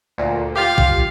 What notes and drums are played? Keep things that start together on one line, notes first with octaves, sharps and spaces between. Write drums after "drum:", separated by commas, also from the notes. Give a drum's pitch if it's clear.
D2 A#2
F4 G4 F5
drum: kick